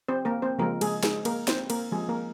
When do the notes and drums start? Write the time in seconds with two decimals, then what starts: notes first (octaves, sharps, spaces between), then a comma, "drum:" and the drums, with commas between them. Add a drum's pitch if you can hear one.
0.08 C4 C5
0.25 A#3 A#4
0.42 C4 C5
0.58 C#3 F3 G#3 A#3 A#4
0.81 G#3 G#4, drum: cymbal
1.03 G#3 G#4, drum: snare
1.25 A#3 A#4, drum: cymbal
1.48 C4 C5, drum: snare
1.70 A#3 A#4, drum: cymbal
1.92 F3 G#3 C4 G#4
2.09 A#3 A#4